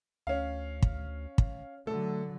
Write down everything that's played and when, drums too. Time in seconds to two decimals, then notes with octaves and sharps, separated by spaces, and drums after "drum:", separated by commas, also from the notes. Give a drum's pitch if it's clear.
0.27 D2 C#4 F5
0.82 drum: kick
1.38 drum: kick
1.87 D3 F#3 A3 A4